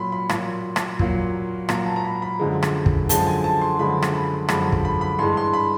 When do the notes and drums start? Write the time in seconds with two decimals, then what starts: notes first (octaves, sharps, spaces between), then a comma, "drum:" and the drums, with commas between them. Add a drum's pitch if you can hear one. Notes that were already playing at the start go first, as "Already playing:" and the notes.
Already playing: A#2 F#3 A#3 B5 C6
0.12 B5
0.29 A#2 F#3 A#3, drum: rim click
0.76 drum: rim click
0.99 A#2 F#3 A#3, drum: kick
1.69 A#2 F#3 A#3 A#5, drum: rim click
1.86 A5
1.96 A#5
2.04 B5
2.22 B5
2.39 F#2 D3 F3 G#3
2.63 drum: rim click
2.86 drum: kick
3.09 F#2 D3 F3 G#3 A5, drum: hi-hat
3.27 G#5
3.44 A5
3.61 C6
3.79 F#2 D3 F3 G#3 B5
4.02 drum: rim click
4.14 B5
4.49 F#2 D3 F3 G#3 B5, drum: rim click
4.72 drum: kick
4.85 B5
5.01 B5
5.19 G2 E3 G#3 C6
5.37 C6
5.53 B5